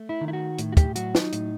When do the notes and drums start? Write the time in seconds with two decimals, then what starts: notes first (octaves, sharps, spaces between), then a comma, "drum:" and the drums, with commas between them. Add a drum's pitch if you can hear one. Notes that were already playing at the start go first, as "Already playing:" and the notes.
Already playing: A3
0.09 E4
0.21 D#3
0.28 E4
0.33 F#4
0.58 A2, drum: hi-hat
0.72 F#4
0.77 G4, drum: kick, hi-hat
0.96 F#3 F#4, drum: hi-hat
1.15 D#4, drum: snare
1.32 A2, drum: hi-hat